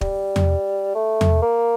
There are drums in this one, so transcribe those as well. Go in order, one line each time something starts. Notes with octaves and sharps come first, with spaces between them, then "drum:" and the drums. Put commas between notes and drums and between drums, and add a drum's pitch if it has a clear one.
G3, drum: kick
drum: tom E2
A3
drum: tom E2
A#3